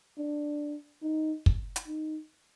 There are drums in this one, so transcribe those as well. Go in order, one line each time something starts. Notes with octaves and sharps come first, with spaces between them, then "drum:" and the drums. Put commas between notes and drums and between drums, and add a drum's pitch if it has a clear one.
D4
D#4
drum: kick
drum: hi-hat
D#4